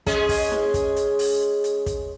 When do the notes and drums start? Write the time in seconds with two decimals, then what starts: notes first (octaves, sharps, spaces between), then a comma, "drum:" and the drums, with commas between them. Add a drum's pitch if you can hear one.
0.07 G#3 C#4 G#4, drum: kick, hi-hat
0.29 drum: kick, open hi-hat
0.51 drum: snare
0.74 drum: kick, hi-hat
0.96 drum: hi-hat
1.19 drum: open hi-hat
1.64 drum: hi-hat
1.86 drum: kick, hi-hat